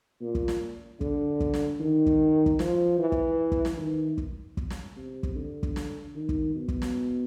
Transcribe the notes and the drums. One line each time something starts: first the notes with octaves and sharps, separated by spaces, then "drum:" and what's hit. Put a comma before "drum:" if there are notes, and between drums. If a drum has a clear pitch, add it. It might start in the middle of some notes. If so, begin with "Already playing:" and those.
A#2
drum: kick
drum: snare
D3, drum: kick
drum: kick
drum: snare
D#3
drum: kick
drum: kick
F3, drum: snare
E3
drum: kick
drum: kick
drum: snare
D#3
drum: kick
drum: kick
drum: snare
C3
drum: kick
D3
drum: kick
drum: snare
D#3
drum: kick
B2
drum: kick
drum: snare